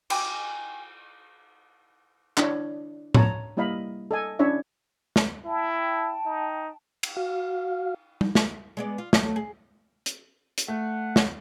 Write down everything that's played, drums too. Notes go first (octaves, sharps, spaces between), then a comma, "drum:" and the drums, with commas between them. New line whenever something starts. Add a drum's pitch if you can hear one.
G5 G#5 D6, drum: cymbal
D4 E4 C#5, drum: clap
C#5 A5 A#5, drum: tom A2
G3 A#3 E4 D#5 F5 B5
A4 D#5 G#5
C#4 D4 E4 C#5 E5
drum: snare
E4 G5 A5
D#4
drum: cymbal
F#4 F5
drum: tom G3
drum: snare
G#3 B3 D5
F4
F#3 A3, drum: snare
G#4
drum: hi-hat
drum: hi-hat
A3 F#5
drum: snare